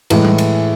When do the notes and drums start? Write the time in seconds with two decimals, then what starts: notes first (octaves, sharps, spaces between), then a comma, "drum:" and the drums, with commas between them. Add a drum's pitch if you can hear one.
0.10 A2 E3 G#3, drum: cymbal
0.25 drum: tom G3
0.38 drum: cymbal